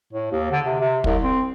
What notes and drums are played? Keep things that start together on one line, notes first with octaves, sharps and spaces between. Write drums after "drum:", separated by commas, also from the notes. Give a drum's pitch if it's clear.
A2
D#2
D3
C3
C3
C2, drum: kick
C4